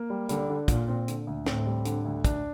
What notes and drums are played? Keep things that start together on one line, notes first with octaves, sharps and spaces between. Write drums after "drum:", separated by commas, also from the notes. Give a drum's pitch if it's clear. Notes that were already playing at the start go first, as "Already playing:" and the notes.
Already playing: A#3
G3
D3 G3, drum: hi-hat
D3
A#2 F4, drum: kick, hi-hat
C4
D3, drum: hi-hat
D2
A2 C4, drum: snare
G3
D3, drum: hi-hat
D2
D4, drum: kick, hi-hat